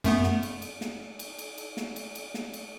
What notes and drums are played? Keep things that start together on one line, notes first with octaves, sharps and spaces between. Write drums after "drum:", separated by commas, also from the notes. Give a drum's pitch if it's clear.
F#2 A3 B3, drum: cymbal
drum: snare
drum: cymbal
drum: cymbal
drum: snare
drum: cymbal
drum: cymbal
drum: cymbal
drum: snare
drum: cymbal
drum: cymbal
drum: snare
drum: cymbal